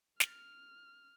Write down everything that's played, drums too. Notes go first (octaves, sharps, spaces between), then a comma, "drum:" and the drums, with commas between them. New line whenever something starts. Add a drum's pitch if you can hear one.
F6, drum: snare